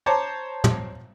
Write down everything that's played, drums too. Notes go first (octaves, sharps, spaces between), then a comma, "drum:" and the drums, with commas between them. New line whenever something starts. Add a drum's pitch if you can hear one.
C5 C#5 A5 A#5 D6
drum: tom